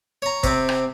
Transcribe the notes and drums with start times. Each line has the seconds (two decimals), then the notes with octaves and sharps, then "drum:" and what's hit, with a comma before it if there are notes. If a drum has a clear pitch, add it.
0.22 C#5 A#5
0.43 C3 C4, drum: kick, hi-hat
0.69 drum: rim click